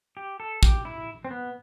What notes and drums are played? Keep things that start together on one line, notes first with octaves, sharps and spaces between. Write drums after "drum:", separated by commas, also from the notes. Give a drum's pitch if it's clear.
G4
A4
G4, drum: kick
E4
C4
B3